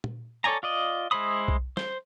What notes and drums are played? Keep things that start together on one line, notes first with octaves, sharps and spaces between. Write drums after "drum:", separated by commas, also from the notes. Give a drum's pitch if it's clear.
drum: tom A#2
A4 C#5 D5 G#5 A#5
F4 D5 D#5
G#3 E4 C5 B5 D#6
drum: kick B1
C5, drum: snare